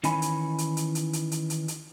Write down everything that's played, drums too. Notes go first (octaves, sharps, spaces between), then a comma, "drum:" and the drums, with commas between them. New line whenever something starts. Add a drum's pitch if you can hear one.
D#3 E3 C#4 D#4 G#5 B5, drum: hi-hat
drum: hi-hat
drum: hi-hat
drum: hi-hat
drum: hi-hat
drum: hi-hat
drum: hi-hat
drum: hi-hat
drum: hi-hat